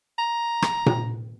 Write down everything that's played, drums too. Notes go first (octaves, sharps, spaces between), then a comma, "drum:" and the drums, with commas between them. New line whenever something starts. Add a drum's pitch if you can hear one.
A#5
drum: rim click
drum: tom A#2